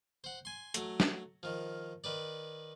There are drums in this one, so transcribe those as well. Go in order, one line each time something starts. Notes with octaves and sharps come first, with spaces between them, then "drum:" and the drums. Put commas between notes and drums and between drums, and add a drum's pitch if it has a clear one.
C5 F#5
G#5 C6
F#3 A3, drum: hi-hat
drum: snare
D#3 F3
D#3 B4 D5